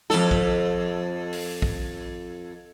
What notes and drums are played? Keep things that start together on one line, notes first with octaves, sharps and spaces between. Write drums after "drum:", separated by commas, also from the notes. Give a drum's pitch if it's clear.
F2 A4, drum: snare
drum: kick
drum: open hi-hat
drum: kick